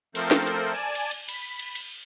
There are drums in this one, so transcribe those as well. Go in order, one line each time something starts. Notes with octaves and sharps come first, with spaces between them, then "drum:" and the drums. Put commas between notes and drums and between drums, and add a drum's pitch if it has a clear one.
F3 A3 C4 A4 A#4 C5, drum: cymbal
drum: snare
drum: cymbal
D5 G#5 A5
drum: cymbal
drum: cymbal
B5, drum: cymbal
drum: cymbal
drum: cymbal